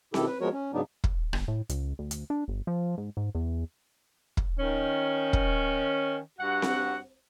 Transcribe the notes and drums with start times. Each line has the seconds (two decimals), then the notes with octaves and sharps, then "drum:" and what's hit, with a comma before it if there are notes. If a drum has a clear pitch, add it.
0.14 B2 D#3 E4 G4 A4, drum: snare C4
0.27 B4
0.41 F3 G#3 B3 F#4 A#4 C#5
0.53 C#4
0.73 G#2 C#3 F#3 B3 D4 D#4
1.04 drum: kick
1.33 G1, drum: rim click
1.48 A2
1.69 C#2, drum: hi-hat
1.99 D2
2.11 drum: hi-hat
2.30 D4
2.48 G1
2.67 F3
2.98 G#2
3.17 G#2
3.35 E2
4.37 drum: kick
4.58 D#3 C#4
5.33 drum: kick
6.38 G2 F#4 F#5
6.62 drum: snare C4